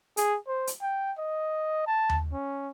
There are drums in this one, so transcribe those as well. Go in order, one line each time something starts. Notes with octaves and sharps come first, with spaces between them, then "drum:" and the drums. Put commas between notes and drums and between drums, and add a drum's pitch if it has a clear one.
G#4, drum: hi-hat
C5
drum: hi-hat
G5
D#5
A5
drum: tom D#2
C#4